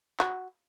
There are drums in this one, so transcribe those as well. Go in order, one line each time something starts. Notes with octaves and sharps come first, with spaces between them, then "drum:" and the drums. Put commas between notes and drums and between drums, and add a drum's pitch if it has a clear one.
F#4, drum: clap